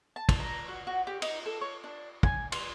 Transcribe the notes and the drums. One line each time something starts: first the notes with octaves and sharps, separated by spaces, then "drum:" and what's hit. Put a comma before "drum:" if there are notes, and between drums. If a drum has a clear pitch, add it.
A5
drum: kick, cymbal
A#5
F#4
F#4
G4
D#4, drum: cymbal
A4
C#5
D4
G#5, drum: kick
C6, drum: cymbal